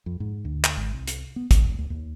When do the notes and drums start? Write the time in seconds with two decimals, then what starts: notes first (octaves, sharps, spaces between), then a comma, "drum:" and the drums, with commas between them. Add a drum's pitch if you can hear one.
0.06 F2
0.20 G#2
0.45 D2
0.64 drum: clap
0.77 G#1
0.93 C2
1.07 drum: hi-hat
1.36 B3
1.51 E1, drum: kick, hi-hat
1.78 D2
1.90 D#2